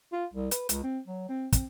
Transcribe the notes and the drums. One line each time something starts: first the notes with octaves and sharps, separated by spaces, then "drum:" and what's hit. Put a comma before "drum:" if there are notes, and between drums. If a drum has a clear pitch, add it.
F4
C2
B4, drum: hi-hat
C#2, drum: hi-hat
C4
F#3
C4
C4, drum: kick, hi-hat